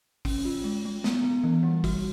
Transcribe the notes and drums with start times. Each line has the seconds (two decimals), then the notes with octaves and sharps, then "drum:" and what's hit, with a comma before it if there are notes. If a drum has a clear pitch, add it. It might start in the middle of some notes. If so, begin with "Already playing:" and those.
0.25 C#4, drum: kick A1, open hi-hat
0.45 F4
0.64 G#3
0.85 G#3
1.04 B3, drum: snare
1.24 B3
1.44 E3
1.63 G3
1.84 F#4, drum: kick A1, open hi-hat